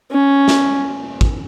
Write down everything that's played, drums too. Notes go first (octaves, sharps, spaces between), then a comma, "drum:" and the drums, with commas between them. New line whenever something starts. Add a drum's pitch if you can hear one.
C#4
drum: snare
drum: kick